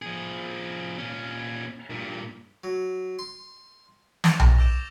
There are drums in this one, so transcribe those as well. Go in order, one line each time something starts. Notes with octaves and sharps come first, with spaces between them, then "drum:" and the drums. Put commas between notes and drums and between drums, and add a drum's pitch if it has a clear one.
F3 G#4
A#2 C#4
G2 A#2
F#3
C6
C#6 A6 D7 F7, drum: snare
A6 A#6, drum: tom B1
D6 E6 G6 D7 E7